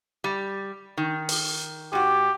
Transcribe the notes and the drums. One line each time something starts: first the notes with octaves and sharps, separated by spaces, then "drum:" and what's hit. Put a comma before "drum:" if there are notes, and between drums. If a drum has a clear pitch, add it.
G3
D#3
drum: open hi-hat
G#2 F#4 G4